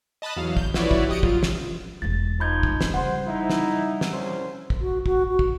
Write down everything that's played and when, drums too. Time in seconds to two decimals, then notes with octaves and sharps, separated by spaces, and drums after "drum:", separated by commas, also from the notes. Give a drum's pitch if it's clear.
0.22 D#5 A5 B5 D#6 F#6
0.36 E2 F#3 F5
0.57 G6, drum: kick
0.74 F3 E4 F#4 B4 C#5 D5, drum: snare
0.91 drum: kick
1.09 G4 D#5 D#6 C#7 D7
1.23 F#3 F4, drum: kick
1.43 drum: snare
2.02 E1 G#3 A6
2.40 F3 D#4 B5 G6 G#6
2.63 drum: kick
2.81 drum: snare
2.94 C#3 G3 C5 F#5
3.27 D#4 E4
3.50 drum: snare
4.01 drum: snare
4.13 C2 C#4 C5
4.70 drum: kick
4.81 F#4
5.06 F#4, drum: kick
5.29 F#4
5.39 drum: kick